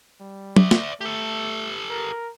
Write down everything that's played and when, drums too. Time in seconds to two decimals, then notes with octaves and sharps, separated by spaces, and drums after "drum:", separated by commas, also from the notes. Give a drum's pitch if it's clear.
0.21 G3
0.56 D5 E5, drum: tom
0.71 drum: snare
1.01 A3 G4 A4
1.90 A#4